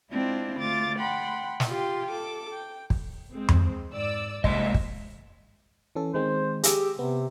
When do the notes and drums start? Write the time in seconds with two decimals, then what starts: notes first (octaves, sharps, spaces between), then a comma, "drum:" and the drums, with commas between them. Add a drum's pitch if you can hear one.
0.11 G#3 C4 D4 E4 F4
0.58 D2 F4 D6 A6
0.99 F#5 G5 B5 C6
1.60 drum: snare
1.69 F4 G4 G5 C6
2.12 A4 D6
2.53 G5
2.90 drum: kick
3.33 G#3 C4
3.49 drum: tom F2
3.91 G#2 D5 E6
4.44 C2 A#2 G#3 D#5 E5, drum: kick
4.74 drum: kick
5.95 E3 C#4 A4
6.14 D#3 G#3 C4 C5
6.63 G4 G#4 E6, drum: hi-hat
6.99 C3 B3